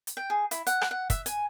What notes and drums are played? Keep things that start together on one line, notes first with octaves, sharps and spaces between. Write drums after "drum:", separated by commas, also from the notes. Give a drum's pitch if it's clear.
drum: hi-hat
G5
G#4
E4, drum: hi-hat
F#5, drum: hi-hat
drum: rim click
F#5
E5, drum: kick, hi-hat
G#5, drum: hi-hat